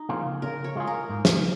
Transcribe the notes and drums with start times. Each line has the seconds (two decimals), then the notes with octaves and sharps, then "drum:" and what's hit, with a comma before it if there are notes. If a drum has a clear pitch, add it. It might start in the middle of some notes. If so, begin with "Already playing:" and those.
Already playing: D#4
0.09 C#3 F3 A#3 F4
0.42 C#3 A#4
0.64 C#5
0.75 G#3 F4 G#4
0.87 A#4
1.09 G#2
1.25 drum: snare